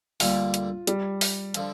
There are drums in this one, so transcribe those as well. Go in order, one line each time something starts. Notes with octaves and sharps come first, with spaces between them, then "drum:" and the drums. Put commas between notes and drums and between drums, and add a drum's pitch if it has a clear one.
D2 D3 G3 A#3 F4, drum: open hi-hat
drum: hi-hat
G3, drum: hi-hat
drum: open hi-hat
D3 F3, drum: hi-hat